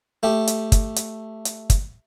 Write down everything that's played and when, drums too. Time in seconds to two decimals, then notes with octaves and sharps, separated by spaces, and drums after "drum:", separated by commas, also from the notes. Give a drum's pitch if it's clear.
0.23 A3 G4
0.47 drum: hi-hat
0.72 drum: kick, hi-hat
0.96 drum: hi-hat
1.45 drum: hi-hat
1.70 drum: kick, hi-hat